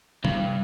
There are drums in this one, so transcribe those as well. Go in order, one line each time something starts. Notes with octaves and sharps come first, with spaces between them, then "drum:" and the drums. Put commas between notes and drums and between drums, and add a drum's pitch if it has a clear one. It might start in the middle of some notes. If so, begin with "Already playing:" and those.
G2, drum: tom C3